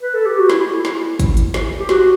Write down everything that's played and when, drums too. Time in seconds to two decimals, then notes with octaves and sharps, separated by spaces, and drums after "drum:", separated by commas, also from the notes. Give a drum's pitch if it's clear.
0.02 B4
0.14 A4
0.26 G4
0.38 F#4
0.50 E4, drum: snare
0.73 E4
0.85 drum: snare
0.96 E4
1.19 drum: kick, hi-hat
1.37 drum: hi-hat
1.54 drum: snare
1.80 G4
1.89 F#4, drum: snare